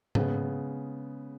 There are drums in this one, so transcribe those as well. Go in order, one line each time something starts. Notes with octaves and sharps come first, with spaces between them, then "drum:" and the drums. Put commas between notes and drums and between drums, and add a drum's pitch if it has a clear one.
C#3 G#3 B3, drum: tom G#2